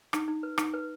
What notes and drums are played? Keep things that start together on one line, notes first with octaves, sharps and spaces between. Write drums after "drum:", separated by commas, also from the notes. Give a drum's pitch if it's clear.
D#4, drum: rim click
D#4
B4
D#4, drum: rim click
B4